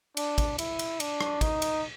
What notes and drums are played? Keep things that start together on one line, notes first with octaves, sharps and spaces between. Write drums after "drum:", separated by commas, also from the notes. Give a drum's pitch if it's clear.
D4, drum: cymbal
drum: kick, cymbal
E4, drum: cymbal
drum: cymbal
D4, drum: cymbal
drum: rim click
D#4, drum: kick, cymbal
drum: cymbal